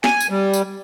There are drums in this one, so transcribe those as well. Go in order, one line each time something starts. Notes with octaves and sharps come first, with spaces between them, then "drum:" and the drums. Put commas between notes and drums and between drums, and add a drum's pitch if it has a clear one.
G#5, drum: snare
drum: tambourine
G3
drum: tambourine